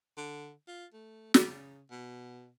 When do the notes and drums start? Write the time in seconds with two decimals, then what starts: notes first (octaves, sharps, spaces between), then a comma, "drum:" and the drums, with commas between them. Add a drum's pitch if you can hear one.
0.18 D3
0.68 F4
0.93 A3
1.34 C#3, drum: snare
1.90 B2